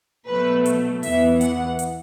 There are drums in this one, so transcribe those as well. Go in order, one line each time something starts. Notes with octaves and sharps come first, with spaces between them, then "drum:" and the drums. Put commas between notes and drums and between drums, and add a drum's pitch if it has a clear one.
B2 F#3 A3 B4
drum: hi-hat
E2 E3 B3 E5, drum: open hi-hat
F#5, drum: hi-hat
drum: hi-hat